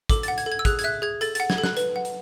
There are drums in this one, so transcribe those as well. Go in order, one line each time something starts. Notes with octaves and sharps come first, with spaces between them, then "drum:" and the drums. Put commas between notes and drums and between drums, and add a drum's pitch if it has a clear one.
A4 D6, drum: kick, hi-hat
F#5 A6, drum: hi-hat
G#6, drum: hi-hat
A4
G#6
E6
G#4 F#6, drum: kick, hi-hat
G#6, drum: hi-hat
E5 F#6
G#4 G#6
A4 A6, drum: hi-hat
F#5 A6, drum: hi-hat
G#6, drum: snare
A4
F#6, drum: snare
B4, drum: hi-hat
F#5
drum: hi-hat